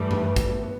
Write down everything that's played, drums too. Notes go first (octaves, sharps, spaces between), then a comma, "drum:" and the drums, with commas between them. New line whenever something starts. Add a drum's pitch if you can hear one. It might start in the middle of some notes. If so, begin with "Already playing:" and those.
Already playing: G2 E3 G3 A3 B3
B3, drum: tom F#2
B3
A3, drum: kick, hi-hat
B3